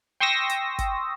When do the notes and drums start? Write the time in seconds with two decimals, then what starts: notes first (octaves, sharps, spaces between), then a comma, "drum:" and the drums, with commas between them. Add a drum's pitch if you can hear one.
0.20 G5 C6 C#6 D#6 E6 A#6
0.50 drum: hi-hat
0.79 drum: kick G1, hi-hat